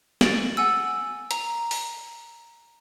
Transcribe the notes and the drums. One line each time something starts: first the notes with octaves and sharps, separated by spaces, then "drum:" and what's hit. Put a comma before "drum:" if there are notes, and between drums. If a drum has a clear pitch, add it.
A6 D7 F#7, drum: snare
F#5 G#5 E6
A#5, drum: hi-hat
drum: open hi-hat